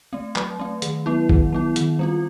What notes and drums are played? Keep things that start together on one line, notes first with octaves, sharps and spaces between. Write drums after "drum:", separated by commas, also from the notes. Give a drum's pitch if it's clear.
A3 C4
F#3, drum: clap
A3 C4
D#3, drum: hi-hat
F#3 B3 E4
D#3, drum: kick A1
F#3 B3 E4
D#3, drum: hi-hat
G3 C4 F4